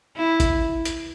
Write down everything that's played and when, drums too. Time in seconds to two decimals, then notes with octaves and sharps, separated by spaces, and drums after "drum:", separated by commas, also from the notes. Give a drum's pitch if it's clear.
0.17 E4
0.40 drum: kick, hi-hat
0.85 drum: hi-hat